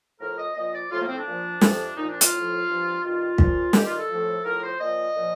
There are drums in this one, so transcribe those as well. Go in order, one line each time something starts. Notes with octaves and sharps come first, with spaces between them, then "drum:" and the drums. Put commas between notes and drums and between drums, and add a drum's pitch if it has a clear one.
A2 F3 A#4
D#5
A#2 F3 D#5
D5
A2 F3 F4
A#3
C4
D4
A#2 F3
F2 C3 F3, drum: snare
A#2 F3 D#4
D4
F4, drum: hi-hat
A2 F3
G2 F3
G2 D#3 F4
A#2 F3, drum: kick
G2 D#3 G4, drum: snare
F4
A4
A2 F3
A2 F3 A#4
C5
A#2 F3 D#5
A#2 F3